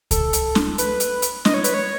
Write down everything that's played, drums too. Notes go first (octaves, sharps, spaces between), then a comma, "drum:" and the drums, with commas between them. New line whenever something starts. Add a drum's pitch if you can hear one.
A4, drum: kick C#2, hi-hat
drum: hi-hat
drum: snare
B4, drum: hi-hat
drum: hi-hat
drum: hi-hat
D#5, drum: snare
C#5
B4, drum: hi-hat
C#5